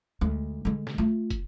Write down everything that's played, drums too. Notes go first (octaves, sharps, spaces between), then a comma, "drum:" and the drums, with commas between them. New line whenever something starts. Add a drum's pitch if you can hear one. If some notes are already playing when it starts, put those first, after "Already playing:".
D2 G#3
D3 G#3
drum: snare
A3 F4
drum: kick, hi-hat